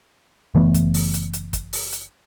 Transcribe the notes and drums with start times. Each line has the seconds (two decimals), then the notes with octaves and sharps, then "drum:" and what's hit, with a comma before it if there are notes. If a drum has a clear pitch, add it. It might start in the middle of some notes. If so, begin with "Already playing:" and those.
0.55 F#1 E3 A3 B3
0.74 drum: kick, hi-hat
0.94 drum: open hi-hat
1.14 drum: hi-hat
1.33 drum: hi-hat
1.53 drum: kick, hi-hat
1.73 drum: open hi-hat
1.92 drum: hi-hat